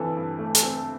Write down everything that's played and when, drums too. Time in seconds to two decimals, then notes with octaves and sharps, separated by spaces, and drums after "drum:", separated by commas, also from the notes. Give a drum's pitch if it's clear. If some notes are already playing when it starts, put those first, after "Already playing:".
Already playing: G2 E3 C4 A4 B4
0.17 G2
0.39 A3
0.55 A4, drum: hi-hat
0.63 C4